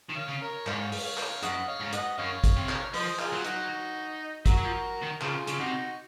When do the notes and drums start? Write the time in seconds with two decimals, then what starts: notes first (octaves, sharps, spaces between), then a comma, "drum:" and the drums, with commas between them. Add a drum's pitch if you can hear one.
0.10 D#3
0.16 C#5 F5
0.29 C#3
0.41 A#4 C#5
0.67 G#2 C#5 F5, drum: clap
0.92 drum: open hi-hat
1.05 C#5 F5
1.17 drum: clap
1.43 F#2 D#5 F#5, drum: hi-hat
1.68 C#5 F5
1.80 G#2
1.93 D#5 F#5, drum: hi-hat
2.18 F#2 C#5 F5
2.44 drum: kick, hi-hat
2.56 C3
2.69 drum: clap
2.94 F3 C5 D#5, drum: open hi-hat
3.19 F4 G#4, drum: clap
3.32 F#3
3.45 D#4 F#4, drum: hi-hat
4.46 F#3 F#4 A#4, drum: kick, hi-hat
4.58 F#3
4.65 F3
5.03 D#3
5.21 C#3 F4 G#4, drum: clap
5.47 C#3, drum: hi-hat
5.59 C3 D#4 F#4